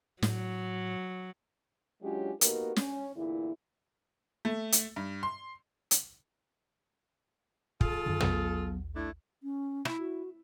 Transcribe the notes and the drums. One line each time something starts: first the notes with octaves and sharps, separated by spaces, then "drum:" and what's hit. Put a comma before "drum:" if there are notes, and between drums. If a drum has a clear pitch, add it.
A2 F#3, drum: snare
F#3 G#3 C#4 D4 F4 G4
A#3 B3 D#4 F#4 G4 A#4, drum: hi-hat
C#4, drum: snare
E2 A#2 D3 E4
A3
drum: hi-hat
G2
C6
drum: hi-hat
F4 G#4 A4, drum: kick
F#2 D3 D#3
F#3 B3, drum: tom
A3 D4 E4
C#4
E4, drum: rim click
F#4